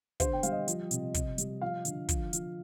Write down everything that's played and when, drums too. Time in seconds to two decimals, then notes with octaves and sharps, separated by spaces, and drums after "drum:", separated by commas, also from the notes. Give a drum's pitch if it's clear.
0.20 D3 C5, drum: kick, hi-hat
0.33 G5
0.43 G3 F5, drum: hi-hat
0.52 D#5
0.68 F3, drum: hi-hat
0.91 C3, drum: hi-hat
1.14 C3, drum: kick, hi-hat
1.38 G3, drum: hi-hat
1.61 F3 F5
1.85 D3, drum: hi-hat
2.09 F3, drum: kick, hi-hat
2.33 F3, drum: hi-hat